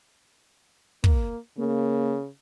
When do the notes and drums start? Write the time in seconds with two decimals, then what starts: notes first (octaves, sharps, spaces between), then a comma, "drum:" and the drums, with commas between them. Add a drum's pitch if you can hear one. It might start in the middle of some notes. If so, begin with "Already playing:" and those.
1.04 A#3, drum: kick
1.58 C#3 A#3